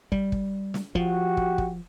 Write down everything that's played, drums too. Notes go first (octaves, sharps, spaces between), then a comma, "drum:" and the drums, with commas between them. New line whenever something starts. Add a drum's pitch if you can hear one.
G3, drum: kick
drum: kick
drum: snare
F3 F#4 G4, drum: kick
drum: kick
drum: kick